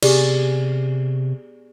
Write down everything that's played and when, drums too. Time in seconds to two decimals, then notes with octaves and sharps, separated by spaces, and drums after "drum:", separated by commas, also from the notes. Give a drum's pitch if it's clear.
0.03 C3 B3 G4 G#4 D5, drum: cymbal